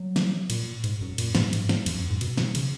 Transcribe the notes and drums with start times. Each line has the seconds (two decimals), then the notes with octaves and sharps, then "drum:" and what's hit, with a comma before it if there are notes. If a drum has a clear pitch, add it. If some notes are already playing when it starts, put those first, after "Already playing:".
Already playing: F#3
0.16 drum: snare
0.50 A#2, drum: cymbal
0.84 G#2, drum: cymbal
1.01 F#2
1.18 A#2, drum: cymbal
1.35 G#2, drum: snare
1.53 G#2, drum: cymbal
1.69 drum: snare
1.86 F2, drum: cymbal
1.98 F#2
2.10 G#2
2.21 B2, drum: cymbal
2.38 drum: snare
2.55 C#3, drum: cymbal